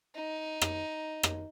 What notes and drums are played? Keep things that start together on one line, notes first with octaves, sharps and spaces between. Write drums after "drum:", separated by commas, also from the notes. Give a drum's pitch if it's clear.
D#4
drum: rim click
drum: rim click